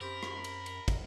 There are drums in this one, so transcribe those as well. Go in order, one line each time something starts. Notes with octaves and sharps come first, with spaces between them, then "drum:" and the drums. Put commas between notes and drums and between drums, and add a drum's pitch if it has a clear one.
F#2 C4 G4 A#4 B5
drum: rim click
drum: cymbal
drum: cymbal
drum: kick, cymbal